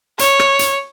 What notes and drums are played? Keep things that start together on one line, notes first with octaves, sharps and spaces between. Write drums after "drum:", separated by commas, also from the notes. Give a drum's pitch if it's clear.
C#5, drum: hi-hat
drum: rim click
drum: hi-hat